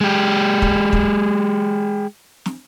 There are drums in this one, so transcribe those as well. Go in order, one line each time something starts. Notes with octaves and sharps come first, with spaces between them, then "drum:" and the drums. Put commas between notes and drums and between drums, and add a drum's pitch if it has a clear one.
G#3 G4
drum: kick
drum: kick
drum: snare